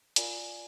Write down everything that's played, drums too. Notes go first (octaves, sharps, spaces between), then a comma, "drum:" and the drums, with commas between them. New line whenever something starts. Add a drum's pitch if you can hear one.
F4 A#4 D5 F5 G#5, drum: hi-hat